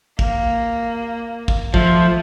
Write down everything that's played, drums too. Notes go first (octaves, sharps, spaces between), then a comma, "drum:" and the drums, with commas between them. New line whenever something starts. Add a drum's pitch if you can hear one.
A#3, drum: kick
drum: kick
F3 A3, drum: kick